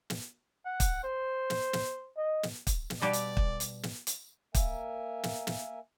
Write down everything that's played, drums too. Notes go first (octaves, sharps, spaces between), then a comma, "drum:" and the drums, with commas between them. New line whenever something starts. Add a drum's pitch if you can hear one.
drum: snare
F#5
drum: kick, hi-hat
C5
drum: snare
drum: snare
D#5
drum: snare
drum: kick, hi-hat
drum: snare
B2 G3 G4 D5
drum: hi-hat
drum: kick
drum: hi-hat
drum: snare
drum: hi-hat
A#3 A#4 E5 G#5, drum: kick, hi-hat
drum: snare
drum: snare